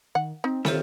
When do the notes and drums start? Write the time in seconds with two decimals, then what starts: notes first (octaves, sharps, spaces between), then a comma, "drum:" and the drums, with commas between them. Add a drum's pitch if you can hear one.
0.15 D#3 F#5
0.44 C4 D#4
0.65 D#3 C4 F4 G4 A4 C5 C#5 E5, drum: snare